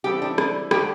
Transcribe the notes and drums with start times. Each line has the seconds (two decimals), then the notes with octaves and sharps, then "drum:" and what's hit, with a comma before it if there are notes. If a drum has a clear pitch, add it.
0.04 E3 G3 C4 E4 G4 A4
0.22 D4
0.38 D4, drum: rim click
0.71 D3 A3 D4 G4, drum: rim click